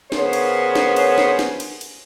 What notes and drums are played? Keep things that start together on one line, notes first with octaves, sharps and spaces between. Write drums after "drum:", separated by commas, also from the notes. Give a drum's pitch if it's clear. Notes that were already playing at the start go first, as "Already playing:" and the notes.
C#3 B3 C#4 A#4 C5 C#5, drum: snare
drum: cymbal
drum: snare
drum: cymbal
drum: snare
drum: snare
drum: cymbal
drum: cymbal